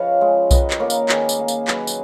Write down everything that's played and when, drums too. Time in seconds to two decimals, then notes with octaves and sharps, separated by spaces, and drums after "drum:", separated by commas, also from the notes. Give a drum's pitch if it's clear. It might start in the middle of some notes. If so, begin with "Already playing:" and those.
Already playing: C#3 F3 C#4 B4 C#5 D#5 F5
0.21 G#3
0.51 D#3 B4 D#5, drum: kick B1, tambourine
0.70 drum: clap
0.80 A#3 A#4 C#5
0.90 drum: tambourine
1.09 D#3 G#4 B4, drum: clap
1.29 drum: tambourine
1.39 A#3
1.48 drum: tambourine
1.68 F#3 G#4 B4, drum: clap
1.87 drum: tambourine